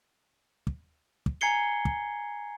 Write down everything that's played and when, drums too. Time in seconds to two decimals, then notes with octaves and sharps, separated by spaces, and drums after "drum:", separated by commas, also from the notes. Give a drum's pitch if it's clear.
0.67 drum: kick
1.26 drum: kick
1.41 G#5 A#5 G#6 C7 C#7 G7
1.85 drum: kick